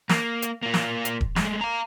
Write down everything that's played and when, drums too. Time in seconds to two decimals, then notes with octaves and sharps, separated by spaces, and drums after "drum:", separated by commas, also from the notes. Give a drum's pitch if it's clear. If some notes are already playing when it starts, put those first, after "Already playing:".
0.09 A#3, drum: snare
0.42 drum: hi-hat
0.63 A#3 F4
0.74 drum: snare
1.05 drum: hi-hat
1.21 drum: kick D#1
1.36 G#3 A3, drum: snare
1.61 F5 A#5